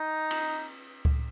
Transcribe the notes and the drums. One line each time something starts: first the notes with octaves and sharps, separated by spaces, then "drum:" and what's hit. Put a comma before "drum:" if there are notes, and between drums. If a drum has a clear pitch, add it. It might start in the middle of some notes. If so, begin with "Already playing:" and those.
Already playing: D#4
drum: cymbal
drum: kick C#2